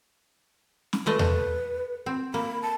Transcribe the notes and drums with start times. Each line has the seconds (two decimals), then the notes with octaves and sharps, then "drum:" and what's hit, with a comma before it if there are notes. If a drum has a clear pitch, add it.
0.93 drum: snare
1.06 G#3 A3 B4 D#5
1.19 A3, drum: tom E2
2.06 C4
2.34 A#3 B5
2.63 A5